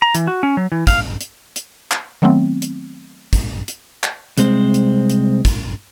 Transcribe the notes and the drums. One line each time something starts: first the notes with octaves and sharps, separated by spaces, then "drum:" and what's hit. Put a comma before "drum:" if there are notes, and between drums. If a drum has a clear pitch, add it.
A#5
E3, drum: hi-hat
F#4
C#4
F#3
E3
F5, drum: kick, hi-hat
drum: hi-hat
drum: hi-hat
drum: clap
D#3 F#3 A3 B3 C4
drum: hi-hat
drum: kick, hi-hat
drum: hi-hat
drum: clap
C2 G#3 C4 C5, drum: hi-hat
drum: hi-hat
drum: hi-hat
drum: kick, hi-hat